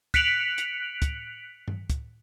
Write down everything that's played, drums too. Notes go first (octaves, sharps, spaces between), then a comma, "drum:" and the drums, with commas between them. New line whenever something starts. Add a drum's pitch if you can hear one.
F#6 B6 C#7 D7 F7 F#7, drum: kick, hi-hat
drum: hi-hat
drum: kick, hi-hat
drum: tom G2
drum: kick, hi-hat